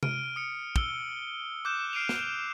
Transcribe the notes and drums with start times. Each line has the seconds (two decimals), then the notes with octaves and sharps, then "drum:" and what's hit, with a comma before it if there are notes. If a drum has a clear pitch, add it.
0.03 F6 D7 D#7, drum: tom C3
0.36 D#6 C#7
0.76 E6 G7, drum: kick
1.65 D6 F#6 G6 E7
1.93 F6 C7 D7 D#7 F7
2.09 drum: snare